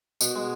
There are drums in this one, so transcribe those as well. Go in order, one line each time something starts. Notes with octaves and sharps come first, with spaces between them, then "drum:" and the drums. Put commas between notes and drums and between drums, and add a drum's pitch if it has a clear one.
B2, drum: tambourine
G#3